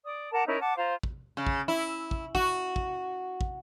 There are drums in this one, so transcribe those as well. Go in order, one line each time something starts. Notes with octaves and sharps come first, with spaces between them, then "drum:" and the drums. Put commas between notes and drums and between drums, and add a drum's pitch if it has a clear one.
D5 D#6
A#4 F#5 A5 D6
C#4 D#4 E4 A#4
F#5 A5 D6
F4 C5 F5 A#5
drum: kick
C#3
drum: kick
E4
drum: kick
F#4, drum: kick
drum: kick
drum: kick